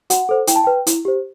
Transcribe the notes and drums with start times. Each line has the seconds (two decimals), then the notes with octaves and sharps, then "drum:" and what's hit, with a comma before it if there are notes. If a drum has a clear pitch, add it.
0.10 F#4 F#5, drum: hi-hat
0.29 A4 C5
0.47 E4 G5, drum: hi-hat
0.56 A5
0.64 B4 G5
0.87 E4, drum: hi-hat
1.05 G4 C5